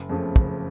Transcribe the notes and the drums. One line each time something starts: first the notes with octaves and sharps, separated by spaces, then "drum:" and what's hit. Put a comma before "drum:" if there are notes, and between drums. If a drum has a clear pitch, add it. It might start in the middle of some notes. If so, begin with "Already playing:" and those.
Already playing: F#1
F2 C#3 F3 A3
F#1, drum: kick